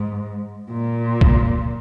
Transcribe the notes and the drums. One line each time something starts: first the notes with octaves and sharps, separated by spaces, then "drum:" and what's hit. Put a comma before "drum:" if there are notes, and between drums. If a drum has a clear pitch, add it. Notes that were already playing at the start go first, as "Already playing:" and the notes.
Already playing: G#2
A#2
drum: kick